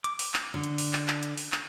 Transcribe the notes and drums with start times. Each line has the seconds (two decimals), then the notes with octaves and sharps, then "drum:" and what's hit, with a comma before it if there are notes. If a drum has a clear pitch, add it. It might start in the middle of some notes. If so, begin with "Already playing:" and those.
0.04 D6, drum: hi-hat
0.19 drum: open hi-hat
0.34 drum: clap
0.54 D3
0.64 drum: hi-hat
0.78 drum: open hi-hat
0.93 drum: clap
1.08 drum: clap
1.23 drum: hi-hat
1.37 drum: open hi-hat
1.52 drum: clap